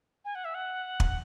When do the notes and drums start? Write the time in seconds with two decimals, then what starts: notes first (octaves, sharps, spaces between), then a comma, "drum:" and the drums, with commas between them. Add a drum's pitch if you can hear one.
0.25 G#5
0.35 F#5
0.45 E5
0.54 F#5
1.00 drum: kick